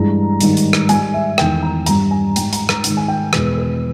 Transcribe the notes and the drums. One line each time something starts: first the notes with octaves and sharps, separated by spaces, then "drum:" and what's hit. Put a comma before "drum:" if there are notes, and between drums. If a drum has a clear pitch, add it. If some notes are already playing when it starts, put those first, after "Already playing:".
Already playing: G2 E3 G#3 A#5
G#2 D#3 G3, drum: hi-hat
drum: hi-hat
drum: rim click
G#2 G3 G#5, drum: hi-hat
E5
E2 D#3 G#3 G5, drum: rim click
A#5
G2 G3 A#5, drum: hi-hat
G#5
G#2 G3 G5, drum: hi-hat
A#5, drum: hi-hat
A#5, drum: rim click
G#2 D#3 G#3, drum: hi-hat
G#5
G5
E2 B2 G#3 B4, drum: rim click
B4